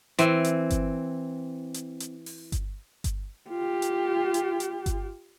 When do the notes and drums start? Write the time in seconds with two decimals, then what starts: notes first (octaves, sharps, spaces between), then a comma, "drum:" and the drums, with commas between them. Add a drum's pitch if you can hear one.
0.19 E3 C4, drum: hi-hat
0.44 drum: hi-hat
0.70 drum: kick G1, hi-hat
1.74 drum: hi-hat
2.00 drum: hi-hat
2.26 drum: open hi-hat
2.52 drum: kick G1, hi-hat
3.04 drum: kick G1, hi-hat
3.49 F4 G4
3.82 drum: hi-hat
4.34 drum: hi-hat
4.60 drum: hi-hat
4.86 drum: kick G1, hi-hat